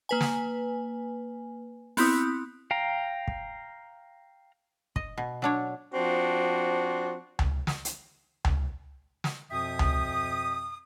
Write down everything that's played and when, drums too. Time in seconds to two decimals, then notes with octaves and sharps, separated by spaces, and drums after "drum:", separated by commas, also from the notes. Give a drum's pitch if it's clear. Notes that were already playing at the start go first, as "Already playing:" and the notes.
0.09 A#3 B4 G#5
0.21 drum: snare
1.97 B3 C4 E4 D#6, drum: open hi-hat
2.71 F5 G5 A#5
3.28 drum: kick
4.96 D#5, drum: kick
5.18 B2
5.42 F#3 D4 C#5
5.95 F3 C4 D4 F#4
7.39 drum: tom C#2
7.67 drum: snare
7.85 drum: hi-hat
8.45 drum: tom C#2
9.24 drum: snare
9.50 F2 B2 F3 E5 G5 D#6
9.79 drum: tom C#2